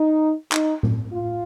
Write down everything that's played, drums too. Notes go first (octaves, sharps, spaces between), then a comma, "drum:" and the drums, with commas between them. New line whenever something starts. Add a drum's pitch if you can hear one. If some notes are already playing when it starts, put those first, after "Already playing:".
Already playing: D#4
D#4, drum: clap
drum: tom A2
F4